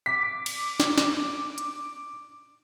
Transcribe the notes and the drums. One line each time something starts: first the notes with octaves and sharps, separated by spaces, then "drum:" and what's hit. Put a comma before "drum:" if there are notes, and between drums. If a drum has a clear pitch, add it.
D6 B6
drum: cymbal
drum: snare
drum: snare
drum: hi-hat